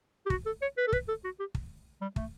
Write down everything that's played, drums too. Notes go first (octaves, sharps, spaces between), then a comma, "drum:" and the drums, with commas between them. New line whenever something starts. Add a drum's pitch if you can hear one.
G4
F#4, drum: kick
A4
C#5
B4
A4
B4, drum: kick
A4
F#4
G4
drum: kick
G3
A3, drum: kick